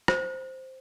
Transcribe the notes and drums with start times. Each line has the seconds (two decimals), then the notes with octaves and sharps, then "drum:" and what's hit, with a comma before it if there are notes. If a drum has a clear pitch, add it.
0.08 C5, drum: rim click